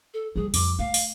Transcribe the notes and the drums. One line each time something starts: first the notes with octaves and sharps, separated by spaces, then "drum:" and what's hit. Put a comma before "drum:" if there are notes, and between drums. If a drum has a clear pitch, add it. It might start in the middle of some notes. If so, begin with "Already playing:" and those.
A4
F3 G3 G#4
F2 F3 D6, drum: open hi-hat
A3 F5
drum: open hi-hat